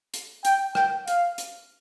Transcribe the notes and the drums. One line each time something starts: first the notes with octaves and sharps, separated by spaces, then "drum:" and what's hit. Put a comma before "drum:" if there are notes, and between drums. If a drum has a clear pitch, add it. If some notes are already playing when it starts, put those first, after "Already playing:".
drum: hi-hat
G5, drum: hi-hat
G5, drum: rim click
F5, drum: hi-hat
drum: hi-hat